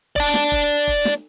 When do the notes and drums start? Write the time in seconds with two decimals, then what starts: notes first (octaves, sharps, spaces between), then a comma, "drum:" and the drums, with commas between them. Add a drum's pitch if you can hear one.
0.16 D5 A5, drum: kick E1
0.34 drum: snare
0.52 drum: kick E1
0.87 drum: kick E1
1.05 drum: snare